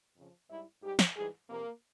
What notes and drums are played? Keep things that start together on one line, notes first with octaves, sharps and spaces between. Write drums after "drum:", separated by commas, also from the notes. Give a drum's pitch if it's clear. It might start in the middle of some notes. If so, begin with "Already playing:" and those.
F2 C#3 F3
G#2 G3 E4
G#2 G3 G4
drum: snare
G#2 E3 G3 G#4
F2 C3 F3 A#3